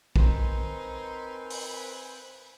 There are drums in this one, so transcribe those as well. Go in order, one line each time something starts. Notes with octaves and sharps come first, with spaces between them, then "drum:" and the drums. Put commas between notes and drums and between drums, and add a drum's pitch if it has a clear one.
C4 D#4 A#4 B4 G#5 C6, drum: kick A#1
drum: open hi-hat